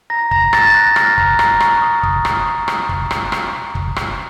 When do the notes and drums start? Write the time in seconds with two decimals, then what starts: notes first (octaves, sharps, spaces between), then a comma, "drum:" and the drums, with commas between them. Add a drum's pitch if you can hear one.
0.10 A#5 A#6
0.31 A#5 A#6, drum: kick
0.53 D#6 A6, drum: rim click
0.75 F#6 A#6
0.96 F6, drum: rim click
1.18 A#5, drum: kick
1.39 A#5, drum: rim click
1.60 C#6, drum: rim click
1.82 D#6
2.03 D#6, drum: kick
2.25 drum: rim click
2.68 drum: rim click
2.89 drum: kick
3.11 drum: rim click
3.32 drum: rim click
3.75 drum: kick
3.96 drum: rim click